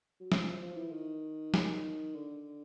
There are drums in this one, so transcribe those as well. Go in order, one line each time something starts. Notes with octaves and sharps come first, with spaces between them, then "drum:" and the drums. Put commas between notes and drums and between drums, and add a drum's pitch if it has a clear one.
F#3
F3, drum: snare
F3
F3
E3
D#3
drum: snare
D3